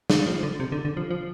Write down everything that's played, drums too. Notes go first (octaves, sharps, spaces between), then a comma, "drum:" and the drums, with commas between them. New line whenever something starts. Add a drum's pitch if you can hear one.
D3, drum: snare
F3
D3
C3
D3
D3
F3
F3